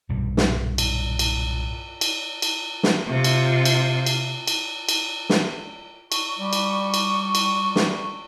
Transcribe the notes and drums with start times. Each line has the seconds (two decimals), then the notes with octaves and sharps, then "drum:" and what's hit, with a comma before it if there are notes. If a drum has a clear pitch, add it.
0.09 B1 G2 A#2 G3
0.37 drum: snare
0.78 drum: cymbal
1.19 drum: cymbal
2.01 drum: cymbal
2.42 drum: cymbal
2.83 drum: snare
3.07 C3 F4
3.24 drum: cymbal
3.65 drum: cymbal
4.06 drum: cymbal
4.48 drum: cymbal
4.89 drum: cymbal
5.30 drum: snare
6.12 C#6, drum: cymbal
6.39 G3
6.53 drum: cymbal
6.94 drum: cymbal
7.35 drum: cymbal
7.76 drum: snare